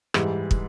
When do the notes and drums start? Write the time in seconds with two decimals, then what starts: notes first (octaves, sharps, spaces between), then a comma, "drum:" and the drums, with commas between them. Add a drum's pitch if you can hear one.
0.14 G#2 E3 G3, drum: rim click
0.51 drum: kick